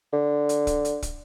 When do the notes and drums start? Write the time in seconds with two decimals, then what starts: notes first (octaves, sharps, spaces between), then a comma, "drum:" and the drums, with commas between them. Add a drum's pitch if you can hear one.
0.13 D3
0.49 drum: hi-hat
0.67 drum: kick, hi-hat
0.85 drum: hi-hat
1.02 drum: kick, hi-hat